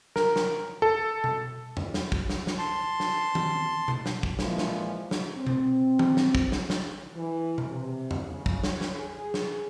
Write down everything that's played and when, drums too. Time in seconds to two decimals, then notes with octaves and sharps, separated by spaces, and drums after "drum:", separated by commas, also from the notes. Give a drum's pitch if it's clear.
0.16 A#4, drum: snare
0.36 drum: snare
0.82 A4
1.24 drum: tom B2
1.77 drum: tom E2
1.94 drum: snare
2.12 drum: kick
2.30 drum: snare
2.47 drum: snare
2.59 A5 C6
3.00 drum: snare
3.35 drum: tom D#3
3.88 drum: tom B2
4.06 drum: snare
4.23 drum: kick
4.39 A#2 E3 F3 G#3, drum: snare
4.58 drum: snare
5.11 drum: snare
5.35 C4
5.47 drum: tom B2
5.99 drum: tom D#3
6.17 drum: snare
6.35 drum: kick
6.52 drum: snare
6.70 drum: snare
7.15 E3
7.58 drum: tom B2
7.69 C3
8.11 drum: tom E2
8.23 C#3
8.46 drum: kick
8.64 C#5, drum: snare
8.81 drum: snare
8.95 G#4
9.34 drum: snare